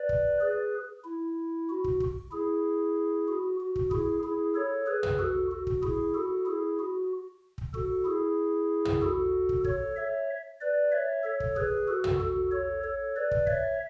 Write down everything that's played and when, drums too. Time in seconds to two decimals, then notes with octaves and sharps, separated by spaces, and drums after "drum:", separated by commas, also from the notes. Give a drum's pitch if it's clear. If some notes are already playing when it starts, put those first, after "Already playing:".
Already playing: B4 D5
0.09 drum: kick
0.41 G#4 B4
1.05 E4
1.69 F#4
1.84 drum: kick
2.00 drum: kick
2.32 E4 G#4
3.28 F#4
3.60 F#4
3.76 drum: kick
3.91 E4 G#4, drum: kick
4.23 E4 G#4
4.55 A4 C#5
4.86 G#4 B4
5.03 drum: tom
5.18 F#4 A4
5.51 F#4
5.67 drum: kick
5.82 E4 G#4, drum: kick
6.14 F#4 A4
6.46 E4 G#4
6.79 F#4
7.58 drum: kick
7.74 F#4 A4, drum: kick
8.05 E4 G#4
8.85 drum: tom
9.02 F#4 A4
9.49 drum: kick
9.64 A4 C#5, drum: kick
9.97 C#5 E5
10.60 B4 D5
10.92 C#5 E5
11.24 A4 C#5
11.40 drum: kick
11.56 G#4 B4, drum: kick
11.87 F#4 A4
12.04 drum: tom
12.20 F#4 A4
12.51 A4 C#5
12.84 A4 C#5
13.16 B4 D5
13.31 drum: kick
13.47 C#5 E5, drum: kick